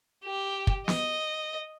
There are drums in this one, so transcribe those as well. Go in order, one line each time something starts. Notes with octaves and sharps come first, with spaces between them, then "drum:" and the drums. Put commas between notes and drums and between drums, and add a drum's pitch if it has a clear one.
G4
drum: kick
D#5, drum: snare